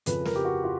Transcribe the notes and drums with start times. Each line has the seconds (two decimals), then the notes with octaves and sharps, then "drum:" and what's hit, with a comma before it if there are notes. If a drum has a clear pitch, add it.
0.06 F2 C#3 F3 B4, drum: hi-hat
0.25 A#4, drum: snare
0.36 G4
0.45 F#4
0.64 F4